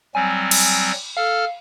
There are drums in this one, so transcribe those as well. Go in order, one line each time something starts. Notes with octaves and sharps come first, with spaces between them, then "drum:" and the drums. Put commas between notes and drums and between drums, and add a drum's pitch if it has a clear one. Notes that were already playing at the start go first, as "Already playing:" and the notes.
F#3 G3 C4 G#5
drum: cymbal
A4 F5 F6